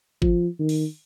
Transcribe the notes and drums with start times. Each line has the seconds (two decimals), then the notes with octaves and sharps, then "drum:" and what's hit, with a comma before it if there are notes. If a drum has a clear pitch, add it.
0.22 F3, drum: kick G#1
0.59 D#3
0.69 drum: open hi-hat